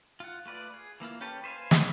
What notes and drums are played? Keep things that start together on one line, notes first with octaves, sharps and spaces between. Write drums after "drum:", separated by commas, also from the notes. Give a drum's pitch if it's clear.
F4 F#5
A3 F4 B4 D5
G#4
E3 A#3 E4 F4
C#4 G4 A4 B4
B4 C5 E5 F5 G#5
drum: snare